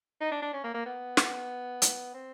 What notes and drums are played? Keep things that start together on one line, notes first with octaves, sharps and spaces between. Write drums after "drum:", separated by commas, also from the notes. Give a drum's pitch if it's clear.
D#4
D4
D4
C#4
A#3
A#3
B3
drum: snare
drum: hi-hat
C4